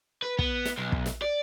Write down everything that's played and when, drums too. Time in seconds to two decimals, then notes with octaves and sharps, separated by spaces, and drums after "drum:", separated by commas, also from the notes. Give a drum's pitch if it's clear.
0.22 B4
0.39 B3, drum: kick
0.65 drum: snare
0.78 B1
0.92 drum: kick
1.06 drum: snare
1.22 D5